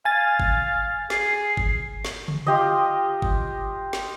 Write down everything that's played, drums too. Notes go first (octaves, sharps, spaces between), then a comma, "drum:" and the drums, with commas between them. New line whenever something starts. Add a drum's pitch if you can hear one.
F5 G#5 A6
drum: kick G1
G#4 C7, drum: snare
drum: kick G1
drum: snare
drum: tom C#3
F4 G4 D#5
drum: kick G1
drum: snare